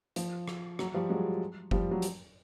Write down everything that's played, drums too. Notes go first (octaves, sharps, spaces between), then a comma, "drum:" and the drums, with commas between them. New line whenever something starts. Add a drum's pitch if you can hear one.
F3, drum: hi-hat
drum: rim click
F#3, drum: rim click
F3 G3
F#3 G#3
F3 G3, drum: kick F#1
F#3
drum: hi-hat